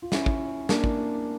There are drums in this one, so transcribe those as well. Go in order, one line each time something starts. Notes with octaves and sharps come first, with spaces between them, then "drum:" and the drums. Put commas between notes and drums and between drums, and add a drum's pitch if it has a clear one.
F4
C#4 E4, drum: snare
drum: kick
A#3 D4, drum: snare
drum: kick